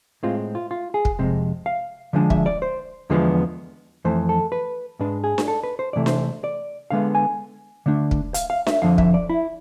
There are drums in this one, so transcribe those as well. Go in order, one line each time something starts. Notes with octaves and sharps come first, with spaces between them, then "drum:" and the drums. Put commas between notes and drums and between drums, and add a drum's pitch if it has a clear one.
A2 G#3 C4 F4
F4
F4
G#4
drum: kick
F2 C3 G#3
F5
D3 F3 G#3 D4
E5, drum: kick
D5
C5
E2 D3 F3 G#3 B3
F2 E3 A3 C5
A4
B4
G#2 G#3 D4 B4
G#4
drum: snare D4
A4
B4
C5
C3 E3 A3 D5
C5, drum: snare D4
D5
D3 G#3 B3 F5
G#5
D3 A3 D4
drum: kick
F5, drum: hi-hat
F5
E5, drum: snare D4
F2 D3 F3 F5
E5, drum: kick
D5
E4